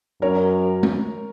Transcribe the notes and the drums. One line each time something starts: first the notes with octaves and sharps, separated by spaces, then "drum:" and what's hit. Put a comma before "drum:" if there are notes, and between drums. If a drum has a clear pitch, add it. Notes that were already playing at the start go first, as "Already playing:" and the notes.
F#2 A#4 C#5
drum: tom G#3